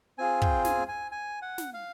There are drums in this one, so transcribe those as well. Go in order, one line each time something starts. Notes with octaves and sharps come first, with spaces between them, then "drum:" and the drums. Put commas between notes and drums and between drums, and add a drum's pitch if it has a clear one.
C4 F4 G#4 G#5
G5, drum: kick
G#5, drum: snare
G#5
G#5
F#5
drum: snare
F5